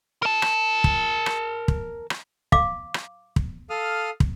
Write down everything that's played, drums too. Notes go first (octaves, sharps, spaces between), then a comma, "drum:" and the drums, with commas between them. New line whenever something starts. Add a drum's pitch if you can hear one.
A#4 A5
drum: rim click
drum: kick
drum: rim click
drum: kick
drum: rim click
F5 D6, drum: kick
drum: rim click
drum: kick
A4 F5 D#6 F6
drum: kick